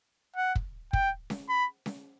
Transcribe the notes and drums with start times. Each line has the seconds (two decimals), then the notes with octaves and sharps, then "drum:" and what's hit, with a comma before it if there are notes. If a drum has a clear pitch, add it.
0.36 F#5
0.55 drum: kick
0.93 G5, drum: kick
1.30 drum: snare C#4
1.49 B5
1.86 drum: snare C#4